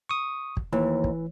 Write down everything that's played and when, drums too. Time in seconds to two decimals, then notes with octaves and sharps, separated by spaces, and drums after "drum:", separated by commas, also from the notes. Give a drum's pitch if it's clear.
0.09 C#6 D#6
0.57 drum: kick
0.73 D#2 E3
1.04 drum: kick